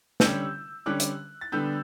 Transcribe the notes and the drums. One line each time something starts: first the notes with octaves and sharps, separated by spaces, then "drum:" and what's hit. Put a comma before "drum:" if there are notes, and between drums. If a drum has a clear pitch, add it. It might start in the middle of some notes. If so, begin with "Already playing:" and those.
D3 G3 C#4 E6 G6, drum: snare
D3 G3 C#4 D6 F#6
drum: hi-hat
A6
D3 G3 B3 E6 G6